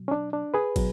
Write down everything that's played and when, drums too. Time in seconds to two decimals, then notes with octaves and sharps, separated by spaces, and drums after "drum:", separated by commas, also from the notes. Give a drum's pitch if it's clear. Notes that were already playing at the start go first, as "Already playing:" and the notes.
Already playing: B2 F#3
0.08 C#4
0.11 D4
0.33 D4
0.54 G#4 B4
0.76 B2 F#3, drum: kick, cymbal